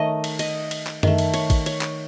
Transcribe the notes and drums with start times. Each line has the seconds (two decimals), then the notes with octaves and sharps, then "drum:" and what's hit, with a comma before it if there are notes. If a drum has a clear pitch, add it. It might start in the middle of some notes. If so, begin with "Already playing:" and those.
Already playing: D#3 A3 C#5 D#5
0.24 drum: cymbal
0.39 D#5, drum: cymbal
0.71 drum: cymbal
0.87 drum: clap
1.03 D#3 A3, drum: tom F#2
1.18 drum: cymbal
1.34 C#5, drum: cymbal
1.50 drum: kick, cymbal
1.66 C#5, drum: cymbal
1.81 drum: clap